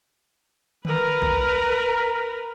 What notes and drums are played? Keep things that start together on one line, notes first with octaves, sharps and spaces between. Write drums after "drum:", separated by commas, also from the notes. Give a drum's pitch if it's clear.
A#4 B4, drum: tom D3
drum: kick B1